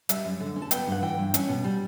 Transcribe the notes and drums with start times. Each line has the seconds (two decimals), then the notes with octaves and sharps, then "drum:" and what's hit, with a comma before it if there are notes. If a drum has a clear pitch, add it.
0.09 G3 E5, drum: hi-hat
0.25 F#2
0.40 D3
0.56 C#4
0.62 A5
0.71 B3 G5, drum: hi-hat
0.87 G2 F#5
1.02 E3 G5
1.18 G2
1.34 C#4, drum: hi-hat
1.48 B2
1.64 G3